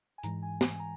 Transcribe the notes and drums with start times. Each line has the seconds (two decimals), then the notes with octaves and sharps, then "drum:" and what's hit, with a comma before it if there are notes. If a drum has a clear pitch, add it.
0.18 G#5
0.23 G#2 E3 G#3 A#5, drum: hi-hat
0.42 G#5
0.61 G#5, drum: snare
0.80 A#5